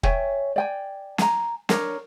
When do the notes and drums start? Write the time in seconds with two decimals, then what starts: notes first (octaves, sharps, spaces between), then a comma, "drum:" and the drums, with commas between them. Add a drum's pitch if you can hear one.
0.03 C#5 E5 G5 G#5, drum: kick
0.56 D5 G5 G#5
1.18 G#5 A#5, drum: snare
1.69 D4 D#4 A#4 C#5, drum: snare